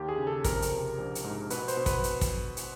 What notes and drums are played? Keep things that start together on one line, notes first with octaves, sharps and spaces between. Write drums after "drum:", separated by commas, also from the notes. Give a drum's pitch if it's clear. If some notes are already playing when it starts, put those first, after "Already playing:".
Already playing: D#2 G4
G#4
C#3
A4
F2 A#4, drum: kick, hi-hat
drum: hi-hat
C3
A#1
drum: hi-hat
G#2
B2 B4, drum: hi-hat
C5, drum: hi-hat
B2
B4, drum: kick, hi-hat
drum: hi-hat
drum: kick, hi-hat
drum: hi-hat